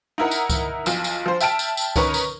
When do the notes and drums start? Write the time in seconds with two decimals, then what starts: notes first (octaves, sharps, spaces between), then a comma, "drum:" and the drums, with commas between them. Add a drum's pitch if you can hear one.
0.18 D#4 E4 A#4 F#5
0.31 drum: tambourine
0.50 drum: kick C#2, tambourine
0.86 B1 F3, drum: tambourine
1.04 drum: tambourine
1.26 F3 C5
1.41 E5 G5 A5 F6 D7, drum: tambourine
1.59 drum: tambourine
1.77 drum: tambourine
1.96 C#4 D#4 A#4 B4 C#5, drum: kick C#2, tambourine
2.14 drum: tambourine